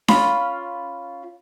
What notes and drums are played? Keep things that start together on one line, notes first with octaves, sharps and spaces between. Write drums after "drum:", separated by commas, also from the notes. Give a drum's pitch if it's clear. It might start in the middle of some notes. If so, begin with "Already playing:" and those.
C#4 F4 B5, drum: snare D4